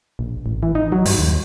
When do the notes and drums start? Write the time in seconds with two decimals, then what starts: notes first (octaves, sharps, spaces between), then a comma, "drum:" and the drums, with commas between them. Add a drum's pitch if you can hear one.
0.19 A#1
0.46 A1
0.63 E3
0.75 D#4
0.92 F#3
1.05 G2, drum: open hi-hat
1.19 D#2